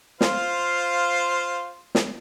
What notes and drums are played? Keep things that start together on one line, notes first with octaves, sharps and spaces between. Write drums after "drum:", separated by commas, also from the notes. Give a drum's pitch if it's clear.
F4 C5 F5, drum: snare
drum: snare